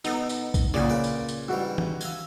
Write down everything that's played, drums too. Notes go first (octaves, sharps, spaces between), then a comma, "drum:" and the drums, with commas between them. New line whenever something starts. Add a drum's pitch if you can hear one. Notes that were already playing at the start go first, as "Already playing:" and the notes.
B2 D#4 A4, drum: tambourine
drum: tambourine
drum: kick B1, tambourine
A#2 C#3 F#4 G#4 D5
A#3 B4 D6
drum: tambourine
drum: tambourine
G#2 E3 G3 F#4
drum: tom E3
E5 F5 G#5, drum: tambourine